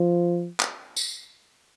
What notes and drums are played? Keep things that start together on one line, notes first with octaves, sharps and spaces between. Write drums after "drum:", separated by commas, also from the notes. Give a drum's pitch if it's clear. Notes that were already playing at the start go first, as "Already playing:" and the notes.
Already playing: F3
drum: clap
drum: tambourine